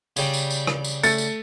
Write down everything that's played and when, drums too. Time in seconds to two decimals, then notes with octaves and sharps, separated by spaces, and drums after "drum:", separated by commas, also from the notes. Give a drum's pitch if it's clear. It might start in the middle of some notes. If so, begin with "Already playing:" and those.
0.16 C#3 G3, drum: tambourine
0.33 drum: tambourine
0.50 drum: tambourine
0.67 drum: rim click
0.84 drum: tambourine
1.03 A3 A6 C#7, drum: tambourine
1.18 drum: tambourine